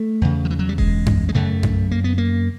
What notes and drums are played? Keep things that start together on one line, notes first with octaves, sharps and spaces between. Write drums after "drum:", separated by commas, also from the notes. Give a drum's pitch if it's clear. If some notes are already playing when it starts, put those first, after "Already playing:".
Already playing: A3
E2 C#3
F3
E3
F#3
G3
G#3, drum: kick E1
drum: tom F#2
G#3
F#2 C#3 A3
drum: tom F#2
A#3
B3
A#3